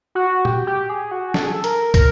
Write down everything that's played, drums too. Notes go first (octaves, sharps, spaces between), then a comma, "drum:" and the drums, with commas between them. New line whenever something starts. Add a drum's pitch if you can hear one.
F#4
G4, drum: tom
G4
G#4
F#4
A4, drum: snare
G#4
A4
A#4, drum: hi-hat
A#4, drum: kick, hi-hat